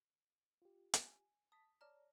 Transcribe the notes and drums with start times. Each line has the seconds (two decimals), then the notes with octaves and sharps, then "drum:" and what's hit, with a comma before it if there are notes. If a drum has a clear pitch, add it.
0.62 F4 G4
0.94 G#5, drum: hi-hat
1.52 A5 D#6 B6
1.81 C#5 D5 A5 A#5 F6